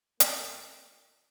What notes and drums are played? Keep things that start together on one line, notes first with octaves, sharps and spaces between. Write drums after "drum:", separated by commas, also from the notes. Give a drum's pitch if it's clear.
A#2 A#3, drum: hi-hat